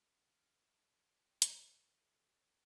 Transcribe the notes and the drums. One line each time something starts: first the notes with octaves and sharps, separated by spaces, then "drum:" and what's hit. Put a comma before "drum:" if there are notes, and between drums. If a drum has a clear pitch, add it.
D6
F6
A5
G5
B5, drum: hi-hat
E6
D6
A4